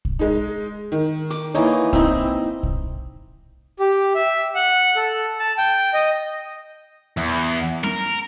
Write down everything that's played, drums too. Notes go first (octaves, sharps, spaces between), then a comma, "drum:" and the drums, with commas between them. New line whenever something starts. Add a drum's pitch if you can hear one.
drum: kick
G#3 D#4
D#3
D6, drum: hi-hat
E3 A#3 D#4 C#5
C4 D#4 E4, drum: kick
drum: kick
G4
E5
F#5
A4
A5
G5
D#5
E2
A#4, drum: snare C#4